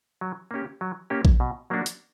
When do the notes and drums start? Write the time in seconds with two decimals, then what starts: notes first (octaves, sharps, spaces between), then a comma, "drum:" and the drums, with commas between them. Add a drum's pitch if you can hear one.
0.21 F#3
0.51 A#3 C#4 G4
0.81 F#3
1.10 A#3 C#4 G4
1.25 drum: kick A#1
1.40 B2
1.70 F#3 A#3 D4 F#4
1.86 drum: hi-hat